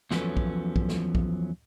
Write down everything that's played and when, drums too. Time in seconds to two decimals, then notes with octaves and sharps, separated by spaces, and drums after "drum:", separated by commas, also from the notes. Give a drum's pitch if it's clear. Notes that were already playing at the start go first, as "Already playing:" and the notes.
0.11 E2 F3 F#3 C#4 A4 B4, drum: snare
0.37 drum: kick
0.76 drum: kick
0.89 drum: snare
1.15 drum: kick